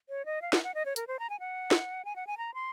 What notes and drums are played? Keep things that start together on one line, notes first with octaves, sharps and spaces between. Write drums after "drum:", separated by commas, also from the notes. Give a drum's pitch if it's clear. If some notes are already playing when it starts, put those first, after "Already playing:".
C#5
D#5
F5
F#5, drum: snare
F#5
D#5
C#5
A#4, drum: hi-hat
C5
A#5
G#5
F#5
drum: snare
G#5
F#5
G#5
A#5
C6